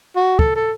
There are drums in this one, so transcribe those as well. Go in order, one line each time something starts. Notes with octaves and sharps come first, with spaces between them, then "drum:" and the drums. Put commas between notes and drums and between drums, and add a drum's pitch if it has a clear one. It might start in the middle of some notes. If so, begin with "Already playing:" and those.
F#4
A4, drum: kick
A4